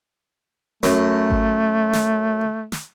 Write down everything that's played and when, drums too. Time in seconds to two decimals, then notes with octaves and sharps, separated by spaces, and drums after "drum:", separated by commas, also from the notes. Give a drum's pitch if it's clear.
0.83 F#2 A3, drum: snare
1.30 drum: kick G#1
1.93 drum: snare
2.72 drum: snare